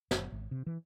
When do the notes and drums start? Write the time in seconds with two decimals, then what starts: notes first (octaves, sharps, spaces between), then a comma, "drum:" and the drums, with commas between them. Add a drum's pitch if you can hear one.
0.11 F#1, drum: snare
0.32 G#1
0.51 C3
0.67 E3